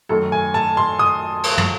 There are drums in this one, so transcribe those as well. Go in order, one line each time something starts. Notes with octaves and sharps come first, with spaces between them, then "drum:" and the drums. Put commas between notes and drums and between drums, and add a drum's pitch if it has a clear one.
F#2 D#3 A3 A4
G#5
A5
C6
D#6
drum: cymbal
drum: tom